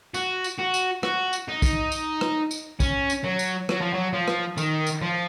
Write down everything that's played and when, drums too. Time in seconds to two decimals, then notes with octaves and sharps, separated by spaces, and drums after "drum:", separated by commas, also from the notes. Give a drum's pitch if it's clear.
0.14 F#4, drum: tambourine
0.44 drum: tambourine
0.58 F#4
0.74 drum: tambourine
1.03 F#4, drum: rim click
1.33 drum: tambourine
1.48 D#4
1.62 drum: kick, tambourine
1.92 drum: tambourine
2.21 drum: rim click
2.51 drum: tambourine
2.80 C#4, drum: kick, tambourine
3.10 drum: tambourine
3.24 F#3
3.39 drum: tambourine
3.69 F#3, drum: rim click
3.81 F3
3.94 F#3
4.13 F3
4.28 drum: rim click
4.58 D#3, drum: tambourine
4.87 drum: tambourine
5.02 F3